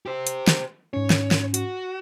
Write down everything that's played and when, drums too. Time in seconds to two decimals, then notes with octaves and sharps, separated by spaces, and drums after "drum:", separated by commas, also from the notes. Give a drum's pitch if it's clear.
0.06 G4 C5
0.27 drum: hi-hat
0.48 drum: snare
0.94 G#2 C#4 C#5
1.10 drum: snare
1.31 drum: snare
1.54 F#4, drum: hi-hat